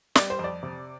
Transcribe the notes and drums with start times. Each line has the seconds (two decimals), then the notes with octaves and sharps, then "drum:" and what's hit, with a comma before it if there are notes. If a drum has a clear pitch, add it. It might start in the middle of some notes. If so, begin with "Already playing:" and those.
0.15 G3 D5, drum: snare
0.30 C5
0.39 F2
0.44 D5
0.63 C3